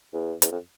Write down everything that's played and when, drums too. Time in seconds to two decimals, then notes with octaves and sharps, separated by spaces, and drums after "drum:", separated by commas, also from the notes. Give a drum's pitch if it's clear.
0.14 E2
0.42 E2, drum: hi-hat
0.52 F2